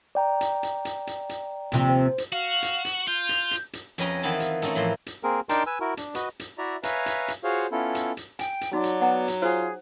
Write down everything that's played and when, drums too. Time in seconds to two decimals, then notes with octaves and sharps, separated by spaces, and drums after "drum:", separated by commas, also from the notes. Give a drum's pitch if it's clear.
0.15 D5 G5 A#5
0.41 drum: hi-hat
0.63 drum: hi-hat
0.85 drum: hi-hat
1.07 drum: hi-hat
1.29 drum: hi-hat
1.72 D#2 C3 F3, drum: hi-hat
1.89 C5
2.18 drum: hi-hat
2.32 F#4 F5
2.63 drum: hi-hat
2.85 drum: hi-hat
3.08 F4 G6
3.29 drum: hi-hat
3.51 drum: hi-hat
3.73 drum: hi-hat
3.98 F2 C#4 B4 D#5 G5 A#5, drum: hi-hat
4.23 D#3 E3 B3 C4 F4 A5
4.40 drum: hi-hat
4.62 A3 C4 C#4 D#4 A4, drum: hi-hat
4.75 A2 E3 F3 A#3 C6
5.06 drum: hi-hat
5.23 A#3 C4 G#4 A#4
5.49 D4 D#4 A#4 G5 A5 C6, drum: hi-hat
5.66 B4 G#5 E6
5.80 E4 F#4 A#4
5.97 D4, drum: hi-hat
6.15 F#4 B4 D#5, drum: hi-hat
6.40 drum: hi-hat
6.58 E4 F#4 D5 E5 A#5
6.83 B4 C#5 E5 F5 G#5 A#5, drum: hi-hat
7.06 drum: hi-hat
7.28 drum: hi-hat
7.44 F4 F#4 G#4 C5 C#5 F5
7.72 B3 C#4 E4 F4 A4
7.95 drum: hi-hat
8.17 drum: hi-hat
8.39 G5 G#5, drum: hi-hat
8.61 drum: hi-hat
8.73 F#3 D#4 F#4 D5
8.83 drum: hi-hat
9.01 B3 F#5 A#5
9.28 drum: hi-hat
9.42 F4 G#4 C5